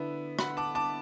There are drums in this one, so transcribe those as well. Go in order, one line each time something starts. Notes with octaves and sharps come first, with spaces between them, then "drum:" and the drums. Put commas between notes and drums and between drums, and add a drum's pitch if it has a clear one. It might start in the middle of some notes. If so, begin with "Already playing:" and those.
Already playing: D3 B3 E4 E5
F#5 B5, drum: rim click
A5 D6
A5 D6